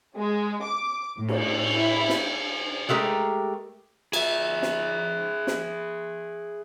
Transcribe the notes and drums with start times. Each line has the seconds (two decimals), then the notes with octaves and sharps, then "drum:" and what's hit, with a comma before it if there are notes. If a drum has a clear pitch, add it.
0.17 G#3
0.63 D6
1.19 A2
1.28 drum: cymbal
1.75 E4
2.09 drum: snare
2.89 G#3 A3 G4 A#4
4.13 G#4 E5, drum: cymbal
4.62 drum: snare
5.47 drum: snare